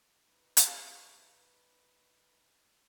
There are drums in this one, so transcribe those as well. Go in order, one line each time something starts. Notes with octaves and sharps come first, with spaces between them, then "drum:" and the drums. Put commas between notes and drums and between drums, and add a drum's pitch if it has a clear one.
D#4 B4
drum: hi-hat